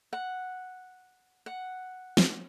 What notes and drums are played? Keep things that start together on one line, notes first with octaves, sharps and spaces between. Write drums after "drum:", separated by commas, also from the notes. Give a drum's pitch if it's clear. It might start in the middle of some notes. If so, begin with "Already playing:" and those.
F#5
F#5
drum: snare